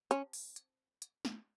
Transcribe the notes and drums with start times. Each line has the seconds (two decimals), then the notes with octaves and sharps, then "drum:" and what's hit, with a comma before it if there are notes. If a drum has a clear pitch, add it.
0.11 C#4, drum: hi-hat
0.33 drum: open hi-hat
0.56 drum: hi-hat
1.02 drum: hi-hat
1.25 drum: snare